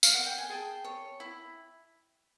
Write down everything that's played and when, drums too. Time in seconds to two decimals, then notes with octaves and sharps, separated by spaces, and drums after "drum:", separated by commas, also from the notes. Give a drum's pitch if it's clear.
0.03 F5, drum: tambourine
0.14 F#5
0.26 G5
0.38 G#5
0.50 G#4 G5 A5
0.84 C#5
1.20 E4